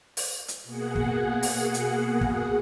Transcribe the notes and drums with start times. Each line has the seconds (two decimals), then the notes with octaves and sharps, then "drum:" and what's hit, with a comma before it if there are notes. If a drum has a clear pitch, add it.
0.17 drum: open hi-hat
0.48 drum: hi-hat
0.64 B2 A#3 G#4 F#5
0.95 drum: kick
1.43 drum: open hi-hat
1.74 drum: hi-hat
2.21 drum: kick